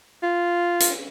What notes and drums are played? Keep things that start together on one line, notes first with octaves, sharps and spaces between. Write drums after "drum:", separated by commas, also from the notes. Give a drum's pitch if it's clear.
F4
drum: hi-hat